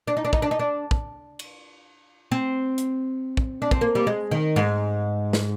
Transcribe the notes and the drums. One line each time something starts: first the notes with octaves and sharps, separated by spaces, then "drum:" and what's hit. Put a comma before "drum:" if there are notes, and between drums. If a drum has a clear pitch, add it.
D4
D#4
D4
D#4, drum: kick
D4
D#4
D4
drum: kick
drum: cymbal
C4
drum: hi-hat
drum: kick
D4
C4, drum: kick
A#3
G3
G#3
D#3
G#2
drum: snare